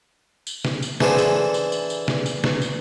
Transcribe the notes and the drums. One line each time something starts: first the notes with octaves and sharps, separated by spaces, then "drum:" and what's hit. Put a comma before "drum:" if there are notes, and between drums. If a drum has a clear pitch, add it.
drum: tambourine
drum: snare
drum: tambourine
D3 E3 G#4 A4 C5, drum: snare
drum: tambourine
drum: tambourine
drum: tambourine
drum: tambourine
drum: snare
drum: tambourine
drum: snare
drum: tambourine